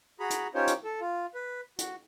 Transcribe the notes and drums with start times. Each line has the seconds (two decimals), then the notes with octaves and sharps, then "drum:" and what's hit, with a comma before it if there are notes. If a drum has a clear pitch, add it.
0.20 F#4 G#4 A#5 B5
0.30 drum: hi-hat
0.55 C#4 D#4 F4 G4 C5 C#5
0.67 drum: hi-hat
0.84 A4
1.01 F4
1.35 B4
1.78 F#4, drum: hi-hat